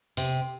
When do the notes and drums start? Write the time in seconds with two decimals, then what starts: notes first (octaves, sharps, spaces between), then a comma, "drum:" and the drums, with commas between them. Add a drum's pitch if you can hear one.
0.17 C3, drum: open hi-hat